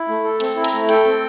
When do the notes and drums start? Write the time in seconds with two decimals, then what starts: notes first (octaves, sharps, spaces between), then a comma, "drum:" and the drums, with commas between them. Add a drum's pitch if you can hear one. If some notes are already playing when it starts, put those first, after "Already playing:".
Already playing: E4
0.08 A3
0.24 A4
0.40 C4, drum: hi-hat
0.56 E4
0.64 A#5, drum: hi-hat
0.73 A3
0.89 A4 G5, drum: hi-hat
1.05 C4